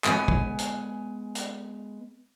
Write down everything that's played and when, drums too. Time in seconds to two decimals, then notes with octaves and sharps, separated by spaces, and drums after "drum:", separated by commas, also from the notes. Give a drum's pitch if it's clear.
0.04 G#3 B3 G#5, drum: clap
0.28 drum: kick
0.58 drum: hi-hat
1.35 drum: hi-hat